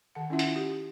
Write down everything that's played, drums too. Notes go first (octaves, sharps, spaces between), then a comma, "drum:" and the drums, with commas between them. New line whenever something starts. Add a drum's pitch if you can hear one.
D#3 F#5
C#4 E4 F4 E5 F#5
drum: hi-hat
G4